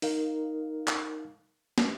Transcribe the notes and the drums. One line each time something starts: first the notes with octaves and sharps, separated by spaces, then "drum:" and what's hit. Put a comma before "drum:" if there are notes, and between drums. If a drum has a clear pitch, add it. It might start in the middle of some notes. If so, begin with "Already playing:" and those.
D#4 A#4 F5, drum: open hi-hat
drum: clap
drum: snare